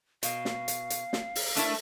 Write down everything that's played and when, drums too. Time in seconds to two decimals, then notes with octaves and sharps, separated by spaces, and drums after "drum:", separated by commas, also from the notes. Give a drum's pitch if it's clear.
0.23 B2 F5, drum: hi-hat
0.45 drum: snare
0.68 drum: hi-hat
0.90 drum: hi-hat
1.13 drum: snare
1.35 drum: open hi-hat
1.57 A3 D4 E4 A#4, drum: hi-hat